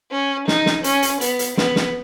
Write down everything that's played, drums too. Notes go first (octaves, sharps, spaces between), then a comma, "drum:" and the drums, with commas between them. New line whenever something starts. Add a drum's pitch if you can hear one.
C#4
D#4, drum: snare
drum: snare
C#4, drum: hi-hat
drum: hi-hat
B3, drum: hi-hat
drum: hi-hat
B3, drum: snare
drum: snare